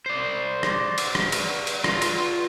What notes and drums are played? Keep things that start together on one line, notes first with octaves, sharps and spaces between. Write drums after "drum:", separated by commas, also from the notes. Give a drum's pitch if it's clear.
C5 D5
drum: rim click
drum: cymbal
drum: rim click
drum: cymbal
drum: cymbal
F4 C6, drum: rim click
drum: cymbal